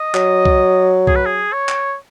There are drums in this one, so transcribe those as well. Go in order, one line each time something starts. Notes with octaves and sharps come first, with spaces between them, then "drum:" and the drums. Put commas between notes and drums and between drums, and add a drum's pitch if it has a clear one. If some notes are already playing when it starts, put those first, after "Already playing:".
Already playing: D#5
F#3, drum: clap
drum: kick C2
G#4, drum: kick C2
B4
G#4
C#5
drum: clap